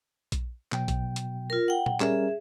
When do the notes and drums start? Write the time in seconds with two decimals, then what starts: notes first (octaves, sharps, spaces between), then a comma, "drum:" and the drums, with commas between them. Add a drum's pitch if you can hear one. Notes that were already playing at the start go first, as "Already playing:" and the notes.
0.32 drum: kick A#1, hi-hat
0.72 B2 F#3 G5, drum: clap
0.88 drum: kick A#1, hi-hat
1.16 drum: hi-hat
1.50 F4 A#4
1.68 F#5 G5
1.86 drum: tom A#2
2.00 G3 C#4 G#4 A#4 E5, drum: clap